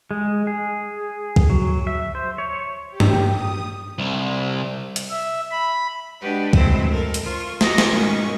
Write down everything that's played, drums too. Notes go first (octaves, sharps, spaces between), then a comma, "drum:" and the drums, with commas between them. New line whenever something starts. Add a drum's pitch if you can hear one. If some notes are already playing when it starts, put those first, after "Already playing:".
G#3
G#4
drum: kick C2
F#3
E5
C5
C#5
G4
drum: tom G2
D#6
C2
drum: hi-hat
E5
B5
G#3 D4 F#4 G4 B4
F#3 G#3 A3 C4 E4, drum: kick C2
A4 A#4
drum: hi-hat
F4 C5 C#6
F#4 D#5 A#5 D6, drum: snare
drum: snare
G#2 B2 D#3 G#3 C#4 C#6